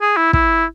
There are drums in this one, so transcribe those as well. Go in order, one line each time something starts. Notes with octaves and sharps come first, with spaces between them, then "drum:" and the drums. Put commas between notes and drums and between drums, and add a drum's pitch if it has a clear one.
G#4
E4
E4, drum: kick